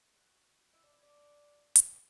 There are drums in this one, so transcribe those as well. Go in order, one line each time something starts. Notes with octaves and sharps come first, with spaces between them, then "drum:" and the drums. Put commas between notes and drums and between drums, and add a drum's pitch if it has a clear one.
F#4
E4
D4
E4
D4
drum: hi-hat